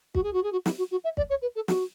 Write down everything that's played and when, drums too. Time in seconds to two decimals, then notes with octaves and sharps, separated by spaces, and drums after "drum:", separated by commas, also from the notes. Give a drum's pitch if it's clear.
0.15 F#4, drum: kick
0.23 G#4
0.33 F#4
0.43 G#4
0.52 F#4
0.66 E4, drum: snare
0.78 F#4
0.91 F#4
1.04 E5
1.17 D5, drum: kick
1.30 C#5
1.42 B4
1.56 A4
1.68 F#4, drum: snare